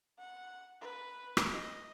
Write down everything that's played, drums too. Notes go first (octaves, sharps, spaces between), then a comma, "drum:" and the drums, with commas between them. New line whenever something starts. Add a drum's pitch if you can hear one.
F#5
B4
drum: rim click
D#5